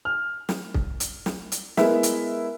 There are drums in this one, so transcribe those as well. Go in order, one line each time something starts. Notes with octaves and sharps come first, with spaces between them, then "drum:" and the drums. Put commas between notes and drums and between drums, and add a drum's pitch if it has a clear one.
F6
drum: snare
drum: kick
drum: hi-hat
drum: snare
drum: hi-hat
G#3 B3 E4 A#4 B4 E5, drum: snare
drum: hi-hat